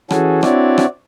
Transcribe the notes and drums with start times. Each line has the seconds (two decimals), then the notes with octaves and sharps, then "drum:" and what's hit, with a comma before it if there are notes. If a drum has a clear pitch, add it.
0.11 E3 C#4 F#4 G#4 A4, drum: rim click
0.43 C4 D4 E4 F#4 C#5 D5, drum: rim click
0.78 drum: rim click